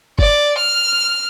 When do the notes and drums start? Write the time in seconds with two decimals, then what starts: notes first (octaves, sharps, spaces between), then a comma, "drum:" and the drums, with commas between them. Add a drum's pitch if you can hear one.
0.19 D5, drum: kick F#1
0.58 F6